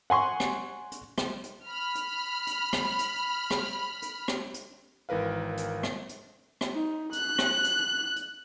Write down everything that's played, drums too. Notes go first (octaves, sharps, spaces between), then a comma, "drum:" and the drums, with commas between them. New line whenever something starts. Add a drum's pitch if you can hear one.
F#5 G#5 C6 C#6
drum: rim click
drum: hi-hat
drum: rim click
drum: hi-hat
B5 F6
drum: hi-hat
drum: hi-hat
drum: rim click
drum: hi-hat
drum: rim click
drum: hi-hat
drum: rim click
drum: hi-hat
G#1 E3 A#4 B4 F5
drum: hi-hat
drum: rim click
drum: hi-hat
drum: rim click
D#4
F#6, drum: hi-hat
drum: rim click
drum: hi-hat
drum: hi-hat